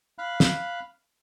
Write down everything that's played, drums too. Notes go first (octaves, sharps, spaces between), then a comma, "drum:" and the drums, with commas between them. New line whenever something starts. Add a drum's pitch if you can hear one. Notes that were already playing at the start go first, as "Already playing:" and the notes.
F5 B5 F#6
drum: snare